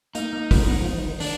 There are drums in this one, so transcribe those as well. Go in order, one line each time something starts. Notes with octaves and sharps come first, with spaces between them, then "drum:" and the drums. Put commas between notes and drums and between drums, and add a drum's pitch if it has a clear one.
A#3 D#4, drum: hi-hat
A#3
B3, drum: kick, open hi-hat
B3
F3
E3
D#3
D#3 D4, drum: open hi-hat